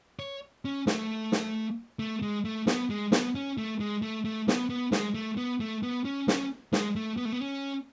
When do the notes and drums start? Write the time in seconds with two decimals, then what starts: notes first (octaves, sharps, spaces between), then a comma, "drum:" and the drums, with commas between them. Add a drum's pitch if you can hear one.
0.20 C#5
0.65 C#4
0.87 A3, drum: snare
1.32 drum: snare
1.99 A3
2.22 G#3
2.45 A3
2.67 B3, drum: snare
2.90 G#3
3.12 B3, drum: snare
3.35 C#4
3.58 A3
3.80 G#3
4.02 A3
4.25 A3
4.48 B3, drum: snare
4.70 B3
4.92 G#3, drum: snare
5.14 A3
5.37 B3
5.60 A3
5.83 B3
6.05 C#4
6.28 C#4, drum: snare
6.73 G#3, drum: snare
6.96 A3
7.17 B3
7.25 A3
7.32 B3
7.41 C#4